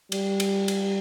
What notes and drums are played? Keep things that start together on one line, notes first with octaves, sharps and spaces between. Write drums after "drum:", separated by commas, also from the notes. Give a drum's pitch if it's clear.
G3, drum: cymbal
drum: cymbal
drum: cymbal